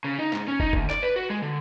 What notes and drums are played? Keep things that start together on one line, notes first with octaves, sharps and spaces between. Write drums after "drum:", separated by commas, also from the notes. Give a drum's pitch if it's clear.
C#3
D#4
G#2, drum: clap
C#4
D#4, drum: kick
D2, drum: kick
D5, drum: clap
B4
F#4
G#3
D3